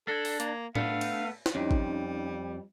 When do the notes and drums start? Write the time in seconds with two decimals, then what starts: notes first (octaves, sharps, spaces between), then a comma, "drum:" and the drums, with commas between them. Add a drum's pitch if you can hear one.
0.08 D4 A4 G#6 A#6
0.25 drum: open hi-hat
0.40 A#3, drum: hi-hat
0.75 A3 B3 D4 F5, drum: tom A2
1.01 drum: cymbal
1.46 drum: snare
1.55 F2 G3 C#4 D#4
1.71 drum: kick